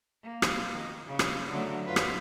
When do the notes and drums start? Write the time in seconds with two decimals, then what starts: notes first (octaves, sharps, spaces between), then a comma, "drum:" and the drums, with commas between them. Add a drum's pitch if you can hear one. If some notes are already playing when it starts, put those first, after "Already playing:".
0.23 A#3
0.42 drum: rim click
0.73 D#3
1.06 C#3
1.19 drum: rim click
1.49 D3 F#3 A3
1.86 F#2 F4 B4
1.96 drum: rim click